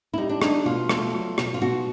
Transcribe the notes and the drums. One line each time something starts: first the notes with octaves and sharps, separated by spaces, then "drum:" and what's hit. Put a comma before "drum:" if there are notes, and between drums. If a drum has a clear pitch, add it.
E4
G3 D#4
D4
D4 D#4, drum: rim click
B2 F4
A3, drum: rim click
F#3
B2, drum: rim click
F4
B2 F#4